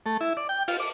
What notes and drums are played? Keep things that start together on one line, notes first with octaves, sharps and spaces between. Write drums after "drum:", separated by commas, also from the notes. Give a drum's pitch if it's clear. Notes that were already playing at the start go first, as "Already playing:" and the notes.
A3
E4
D5
G5
F4, drum: cymbal
D6